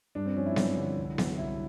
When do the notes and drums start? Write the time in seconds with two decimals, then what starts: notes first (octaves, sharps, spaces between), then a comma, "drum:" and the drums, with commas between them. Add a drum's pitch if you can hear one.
0.15 G2 D4
0.26 C4
0.36 F3 C#4
0.46 E4
0.56 G2, drum: snare B3
0.77 D3
0.97 C2
1.18 F#3, drum: snare B3
1.38 C2 E4